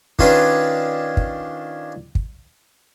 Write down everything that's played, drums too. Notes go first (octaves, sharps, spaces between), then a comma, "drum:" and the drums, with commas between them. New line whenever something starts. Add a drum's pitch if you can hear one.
D#3 C#4 D4 F4 G#4 B4, drum: kick
drum: kick
drum: kick